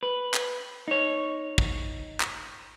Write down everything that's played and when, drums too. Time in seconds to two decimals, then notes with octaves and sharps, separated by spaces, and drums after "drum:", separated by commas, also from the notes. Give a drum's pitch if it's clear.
0.03 B4
0.34 drum: clap
0.88 D#4 C#5
1.58 drum: kick
2.20 drum: clap